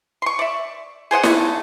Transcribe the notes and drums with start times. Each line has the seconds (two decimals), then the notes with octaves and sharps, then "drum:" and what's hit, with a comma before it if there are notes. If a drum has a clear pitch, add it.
0.22 C6 C#6
0.39 D5 E5
1.11 G#4 C5 D#5 F#5
1.23 D3 A3 D#4 E4, drum: snare E4